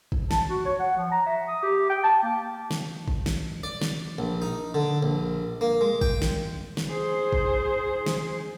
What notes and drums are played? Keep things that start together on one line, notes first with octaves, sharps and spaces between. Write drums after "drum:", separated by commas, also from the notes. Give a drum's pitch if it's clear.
drum: kick
A5, drum: snare
F#4
C#5
F#5
F3
A#5
E5
D#6
G4
G5
A5
A#3
drum: snare
drum: kick
drum: snare
D5
drum: snare
A#1
D#4
D3
A#1
A#3
G#3
G5, drum: kick
drum: snare
drum: snare
G#4 C5
drum: kick
drum: snare